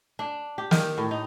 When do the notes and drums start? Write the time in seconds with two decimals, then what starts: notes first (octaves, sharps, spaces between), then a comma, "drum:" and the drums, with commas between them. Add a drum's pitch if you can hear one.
0.19 D4
0.58 G4
0.71 D#3, drum: snare
0.98 A2
1.11 D#4